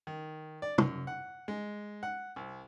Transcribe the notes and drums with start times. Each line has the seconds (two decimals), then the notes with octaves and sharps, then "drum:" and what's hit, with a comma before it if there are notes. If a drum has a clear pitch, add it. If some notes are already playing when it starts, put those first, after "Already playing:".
0.07 D#3
0.62 D5
0.78 F#2, drum: tom
1.07 F#5
1.48 G#3
2.03 F#5
2.36 C2